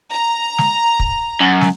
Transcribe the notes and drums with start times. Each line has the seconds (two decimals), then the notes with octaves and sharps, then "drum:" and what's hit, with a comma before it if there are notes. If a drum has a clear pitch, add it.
0.12 A#5
0.58 drum: snare
1.00 drum: kick
1.41 F#2
1.61 drum: snare